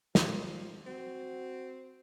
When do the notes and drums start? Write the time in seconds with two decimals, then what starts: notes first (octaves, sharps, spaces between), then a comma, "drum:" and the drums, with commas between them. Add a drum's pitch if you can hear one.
0.15 F3, drum: snare
0.86 C4 F#4